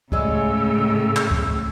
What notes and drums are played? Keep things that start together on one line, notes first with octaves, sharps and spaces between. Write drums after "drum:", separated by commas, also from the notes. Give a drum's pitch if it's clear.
A2 C#3 G3 G#3 C#4 E6, drum: kick C#2
drum: clap
drum: kick C#2